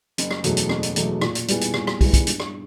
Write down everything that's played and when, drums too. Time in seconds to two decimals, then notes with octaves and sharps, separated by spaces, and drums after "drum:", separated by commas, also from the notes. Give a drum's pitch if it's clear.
0.18 F#1, drum: hi-hat
0.31 drum: rim click
0.44 E2 B2 F#3 A3, drum: hi-hat
0.57 drum: hi-hat
0.69 F#1, drum: rim click
0.83 drum: hi-hat
0.96 E2 B2 F#3 A3, drum: hi-hat
1.21 A#2, drum: rim click
1.35 drum: hi-hat
1.48 G3 B3 E4 G#4, drum: hi-hat
1.61 drum: hi-hat
1.74 A#2, drum: rim click
1.87 drum: rim click
2.01 G3 B3 E4 G#4, drum: kick, open hi-hat
2.14 drum: kick, hi-hat
2.27 G2, drum: hi-hat
2.40 drum: rim click